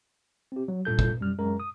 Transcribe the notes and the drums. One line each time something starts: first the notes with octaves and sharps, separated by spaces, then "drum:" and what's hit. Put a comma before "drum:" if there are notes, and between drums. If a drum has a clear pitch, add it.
C4 G4
F#3
G2 A#2 A4 G6
drum: kick
F#2 G3 F6
F#2 G#3 A#4
D#6